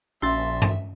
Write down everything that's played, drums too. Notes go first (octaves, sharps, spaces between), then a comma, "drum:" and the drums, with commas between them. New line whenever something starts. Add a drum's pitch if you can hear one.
A#1 C#4 F#4 E5 C6 E6 A6
drum: tom G2